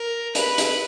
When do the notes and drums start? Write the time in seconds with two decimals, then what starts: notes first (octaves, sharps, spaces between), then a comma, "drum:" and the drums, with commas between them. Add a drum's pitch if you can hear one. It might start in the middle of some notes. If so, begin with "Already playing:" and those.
Already playing: A#4
0.35 B4, drum: hi-hat
0.58 drum: hi-hat